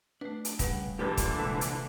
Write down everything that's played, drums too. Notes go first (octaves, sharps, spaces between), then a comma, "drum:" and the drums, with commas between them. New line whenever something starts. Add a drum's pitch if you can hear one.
A3 D4 B4
drum: hi-hat
C#3 G3 B4 F#5, drum: kick D#1, hi-hat
A#2 D3 E3 G4 A4 B4
drum: kick D#1, hi-hat
C3 G#3 A4
drum: hi-hat